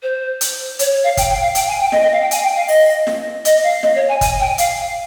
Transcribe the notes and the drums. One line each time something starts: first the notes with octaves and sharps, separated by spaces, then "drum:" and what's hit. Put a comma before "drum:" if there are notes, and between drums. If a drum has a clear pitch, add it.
C5
drum: hi-hat
C#5, drum: hi-hat
C#5
F5
G5, drum: kick, hi-hat
G5
F5
G5, drum: hi-hat
G#5
G5
D#5, drum: snare
D#5
F5
G5
G#5, drum: hi-hat
G5
F5
D#5, drum: open hi-hat
drum: snare
D#5, drum: hi-hat
F5
D#5, drum: snare
C#5
G#5
G#5, drum: kick, hi-hat
G5
F5, drum: hi-hat